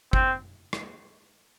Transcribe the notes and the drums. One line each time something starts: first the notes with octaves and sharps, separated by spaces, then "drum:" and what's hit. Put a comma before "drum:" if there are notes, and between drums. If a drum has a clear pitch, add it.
C4, drum: kick
drum: rim click